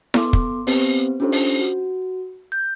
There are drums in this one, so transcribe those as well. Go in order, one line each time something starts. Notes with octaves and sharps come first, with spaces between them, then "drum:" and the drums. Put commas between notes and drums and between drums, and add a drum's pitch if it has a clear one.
B3 A4 C6 D6, drum: snare E4
drum: kick
B3 C4 G4 B4 C5, drum: open hi-hat
C#4 D4 F4 G4 A4 C5
drum: open hi-hat
F#4
G6